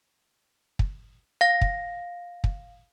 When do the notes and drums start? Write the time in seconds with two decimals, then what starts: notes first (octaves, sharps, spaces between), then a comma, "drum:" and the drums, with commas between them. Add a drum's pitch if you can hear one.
0.79 drum: kick
1.41 F5 A#6
1.61 drum: kick
2.44 drum: kick